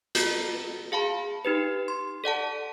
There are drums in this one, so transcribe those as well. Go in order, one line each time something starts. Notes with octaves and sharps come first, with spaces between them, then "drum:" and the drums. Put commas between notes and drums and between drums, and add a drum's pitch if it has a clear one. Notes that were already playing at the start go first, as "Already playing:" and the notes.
F4 F#4, drum: hi-hat
G#4 F5 A5 B5
D#4 G4 B4
C6
A4 D5 F#5 A5